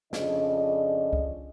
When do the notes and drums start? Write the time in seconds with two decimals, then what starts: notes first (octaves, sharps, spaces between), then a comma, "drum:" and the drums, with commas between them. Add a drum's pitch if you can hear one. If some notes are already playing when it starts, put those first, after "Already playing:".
0.13 F2 C#3 D4 D5 D#5, drum: snare
1.13 drum: kick C2